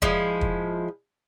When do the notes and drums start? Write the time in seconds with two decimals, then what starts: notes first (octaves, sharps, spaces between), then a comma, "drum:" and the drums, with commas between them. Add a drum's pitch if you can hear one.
0.02 F3 G#3 E4, drum: kick
0.41 drum: kick